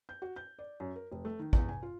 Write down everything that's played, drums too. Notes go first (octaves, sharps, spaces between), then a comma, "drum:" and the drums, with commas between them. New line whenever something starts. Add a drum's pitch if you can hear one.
G6
F#4
G6
D5
F#2
A#4
F1
A3
D#3
E2, drum: kick A1
G#5
F4